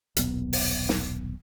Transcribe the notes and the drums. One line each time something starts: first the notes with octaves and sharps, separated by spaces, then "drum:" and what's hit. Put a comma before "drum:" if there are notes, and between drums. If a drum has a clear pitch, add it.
D#1 B1 B3, drum: hi-hat
drum: open hi-hat
drum: snare